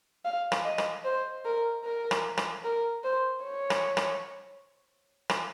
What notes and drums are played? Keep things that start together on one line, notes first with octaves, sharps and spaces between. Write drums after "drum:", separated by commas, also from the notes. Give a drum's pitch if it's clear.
F5
drum: rim click
D#5
drum: rim click
C5
A#4
A#4
drum: rim click
drum: rim click
A#4
C5
C#5
drum: rim click
drum: rim click
drum: rim click